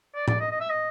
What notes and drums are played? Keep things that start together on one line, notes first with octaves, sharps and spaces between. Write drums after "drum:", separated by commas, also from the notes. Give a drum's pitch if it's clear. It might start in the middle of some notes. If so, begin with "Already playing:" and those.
D5
D5, drum: tom A2
D#5
D#5
E5
D#5